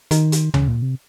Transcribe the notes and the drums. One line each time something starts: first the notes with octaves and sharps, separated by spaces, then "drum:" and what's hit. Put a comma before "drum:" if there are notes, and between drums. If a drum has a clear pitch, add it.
D#3, drum: hi-hat
drum: hi-hat
C#3, drum: tom D2
A#2
C3